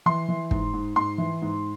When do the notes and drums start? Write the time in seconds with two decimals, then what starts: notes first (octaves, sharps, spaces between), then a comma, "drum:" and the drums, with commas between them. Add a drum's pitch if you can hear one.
0.06 E3 C6
0.29 E3
0.51 G#2, drum: kick
0.73 G#2
0.96 G#2 C6
1.18 E3
1.42 G#2